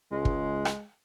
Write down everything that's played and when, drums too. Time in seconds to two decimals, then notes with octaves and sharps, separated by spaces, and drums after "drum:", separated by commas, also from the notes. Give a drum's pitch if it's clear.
0.12 C#2 G#3
0.25 drum: kick
0.65 drum: rim click